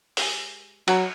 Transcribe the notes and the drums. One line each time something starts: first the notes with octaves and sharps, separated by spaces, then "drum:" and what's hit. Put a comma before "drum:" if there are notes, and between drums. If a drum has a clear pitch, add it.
G#3 G4 G#4, drum: open hi-hat
F#3 F#4 A#5, drum: cymbal